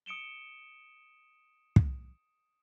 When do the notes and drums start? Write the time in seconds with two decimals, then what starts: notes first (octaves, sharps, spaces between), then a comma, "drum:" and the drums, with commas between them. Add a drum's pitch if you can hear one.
0.06 D#6 C#7 D7 E7 G7
1.76 drum: kick